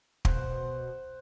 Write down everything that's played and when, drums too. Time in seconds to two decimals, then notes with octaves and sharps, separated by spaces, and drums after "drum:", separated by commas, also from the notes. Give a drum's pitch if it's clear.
0.25 B2 C5 F#5, drum: kick